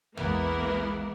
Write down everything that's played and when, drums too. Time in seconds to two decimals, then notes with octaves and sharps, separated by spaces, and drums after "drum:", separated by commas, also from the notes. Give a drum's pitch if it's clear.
0.17 E3 G#3 A#3 B3 E4 A#4, drum: tom